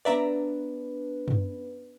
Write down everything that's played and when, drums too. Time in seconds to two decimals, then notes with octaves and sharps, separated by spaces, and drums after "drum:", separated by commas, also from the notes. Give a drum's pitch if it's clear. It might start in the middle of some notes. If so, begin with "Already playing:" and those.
0.05 B3 D4 B4 D5 E5 A#5
1.28 drum: tom